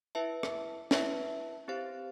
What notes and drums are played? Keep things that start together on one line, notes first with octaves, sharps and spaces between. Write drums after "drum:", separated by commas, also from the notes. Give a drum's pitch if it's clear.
E4 B4 E5 A5
drum: rim click
E4 B4 E5 A5, drum: snare
C4 G4 C5 F5